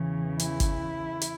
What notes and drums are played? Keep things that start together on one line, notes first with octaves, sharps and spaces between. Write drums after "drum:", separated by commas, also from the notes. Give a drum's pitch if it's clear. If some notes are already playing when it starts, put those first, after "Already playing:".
Already playing: E2 C#3 E3
E4, drum: hi-hat
drum: kick G#1, hi-hat
drum: hi-hat